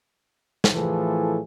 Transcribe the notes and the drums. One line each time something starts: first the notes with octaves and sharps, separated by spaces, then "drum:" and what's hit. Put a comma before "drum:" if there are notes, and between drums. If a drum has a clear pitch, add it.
drum: snare
A2 E3 F3 A3 G#4 A4